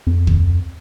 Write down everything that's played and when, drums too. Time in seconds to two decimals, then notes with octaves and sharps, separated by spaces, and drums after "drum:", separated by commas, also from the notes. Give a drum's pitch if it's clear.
0.07 F2
0.27 drum: kick